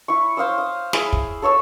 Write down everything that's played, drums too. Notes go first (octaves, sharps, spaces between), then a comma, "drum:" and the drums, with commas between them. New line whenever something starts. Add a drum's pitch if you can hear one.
E4 C#6
C5 F5 D#6 E6
D#6
E4 G#4 C5, drum: snare
drum: kick
A4 C#5 C#6 E6